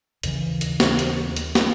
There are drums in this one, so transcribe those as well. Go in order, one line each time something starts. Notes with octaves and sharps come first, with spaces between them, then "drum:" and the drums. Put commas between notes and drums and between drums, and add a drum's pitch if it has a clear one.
D#2 C#3 E3, drum: hi-hat
drum: hi-hat
drum: snare
drum: hi-hat
drum: hi-hat
drum: snare